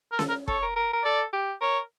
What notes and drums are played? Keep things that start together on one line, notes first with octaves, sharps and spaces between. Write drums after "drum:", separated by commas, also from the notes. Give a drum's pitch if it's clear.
A#4
A4, drum: snare C#4
A#4
A4 C#5, drum: kick
A#4
A#4
A#4
A4 D5
G4
A#4 C#5